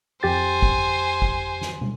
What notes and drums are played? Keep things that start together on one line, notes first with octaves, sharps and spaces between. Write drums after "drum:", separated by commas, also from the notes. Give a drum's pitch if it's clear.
F2 G4 C5 G#5 A6
drum: kick
drum: kick
drum: snare
drum: tom